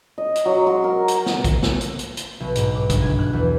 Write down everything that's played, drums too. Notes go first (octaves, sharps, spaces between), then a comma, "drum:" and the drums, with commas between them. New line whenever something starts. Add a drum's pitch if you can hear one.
D#5
drum: hi-hat
F#3
C6
A#4
drum: hi-hat
drum: snare
drum: kick, hi-hat
drum: snare
drum: hi-hat
drum: hi-hat
drum: hi-hat
B1
G#2, drum: hi-hat
D6
G1, drum: kick, hi-hat
G#5
F#6
E2